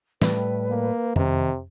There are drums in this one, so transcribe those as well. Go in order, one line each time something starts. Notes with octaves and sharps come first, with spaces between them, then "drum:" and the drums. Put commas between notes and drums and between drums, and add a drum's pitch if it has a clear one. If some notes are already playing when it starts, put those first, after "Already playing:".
A2 G3 A3 B4, drum: snare
A#3
C3 D#3, drum: tom F2